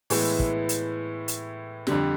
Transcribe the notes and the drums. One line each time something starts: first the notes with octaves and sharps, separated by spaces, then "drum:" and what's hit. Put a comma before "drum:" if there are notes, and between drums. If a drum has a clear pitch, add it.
A2 E3 G#3 B3 E4, drum: open hi-hat
drum: kick
drum: hi-hat
drum: hi-hat
F2 D3 G3, drum: snare